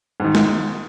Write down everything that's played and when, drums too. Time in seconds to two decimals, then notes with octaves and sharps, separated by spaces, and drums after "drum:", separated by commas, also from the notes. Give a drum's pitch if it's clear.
0.20 G#2 D#3
0.35 drum: snare